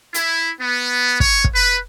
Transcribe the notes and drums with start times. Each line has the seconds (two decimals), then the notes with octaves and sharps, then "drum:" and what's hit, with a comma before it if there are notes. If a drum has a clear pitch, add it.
0.14 E4, drum: hi-hat
0.60 B3
1.20 C#5, drum: kick
1.44 drum: kick
1.54 B4